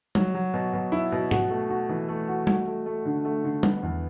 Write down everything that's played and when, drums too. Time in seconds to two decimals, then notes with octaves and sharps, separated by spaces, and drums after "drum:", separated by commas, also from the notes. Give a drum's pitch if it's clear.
0.15 F#3, drum: tom
0.34 F#3
0.54 B2
0.73 B2
0.92 E4
1.12 B2
1.31 F#4, drum: tom G#2
1.50 A3
1.70 F#4
1.89 E3
2.09 A3
2.28 F#4
2.47 F#4, drum: tom
2.67 A3
2.86 A3
3.05 D3
3.25 A3
3.44 D3
3.63 B3, drum: tom
3.83 E2